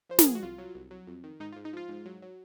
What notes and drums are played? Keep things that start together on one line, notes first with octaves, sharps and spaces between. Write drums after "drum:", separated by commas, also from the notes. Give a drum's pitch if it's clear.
F3 C5
A#4, drum: snare
F3 G#4
F#4
C2 F4
F#3
C2
F#3
F2
D#3
G#2 D#4
F4
G#2
D#4
F3 F4
G#2
F#3
F#3